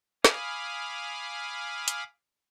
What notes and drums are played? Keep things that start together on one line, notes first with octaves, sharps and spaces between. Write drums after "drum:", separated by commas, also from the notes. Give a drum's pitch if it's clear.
F5 G#5 B5 D6 D#6 F6, drum: snare
drum: hi-hat